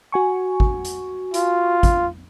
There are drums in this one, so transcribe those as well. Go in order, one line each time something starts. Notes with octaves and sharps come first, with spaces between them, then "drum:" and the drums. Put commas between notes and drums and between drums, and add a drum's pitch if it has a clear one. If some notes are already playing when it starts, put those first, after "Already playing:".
F#4 G#5 C#6
drum: kick
drum: hi-hat
F4, drum: hi-hat
drum: kick, hi-hat